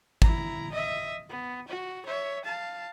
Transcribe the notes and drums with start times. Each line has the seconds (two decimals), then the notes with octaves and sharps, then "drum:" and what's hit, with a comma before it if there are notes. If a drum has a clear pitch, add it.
0.22 E4 A#5, drum: kick G#1
0.72 D#5 E5
1.30 B3
1.68 F#4
2.06 C#5 E5
2.44 F5 A5